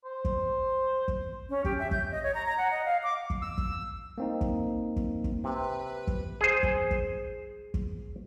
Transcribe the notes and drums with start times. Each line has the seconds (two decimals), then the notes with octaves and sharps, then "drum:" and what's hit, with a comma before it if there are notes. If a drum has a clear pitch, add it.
0.05 C5
0.25 drum: kick
1.08 drum: kick
1.50 C#4
1.65 G4, drum: kick
1.79 E5
1.91 G6, drum: kick
2.11 D#5
2.23 C#5
2.35 A#5
2.46 A#5
2.58 F#5
2.71 D#5
2.85 F5
3.03 D6
3.30 drum: kick
3.42 E6
3.58 drum: kick
4.18 A#3 C4 D#4
4.41 drum: kick
4.96 drum: kick
5.24 drum: kick
5.44 C3 B4
6.07 drum: kick
6.41 G#4 C5
6.63 drum: kick
6.91 drum: kick
7.74 drum: kick